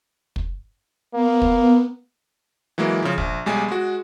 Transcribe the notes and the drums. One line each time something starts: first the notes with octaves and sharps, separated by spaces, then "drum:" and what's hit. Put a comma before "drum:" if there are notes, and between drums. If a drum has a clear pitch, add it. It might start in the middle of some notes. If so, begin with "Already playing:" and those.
drum: kick
A#3 B3
drum: kick
E3 F#3 G#3 A#3
C#3 F3
A#1, drum: kick
B1 G3 G#3 G#5
G#3 F#4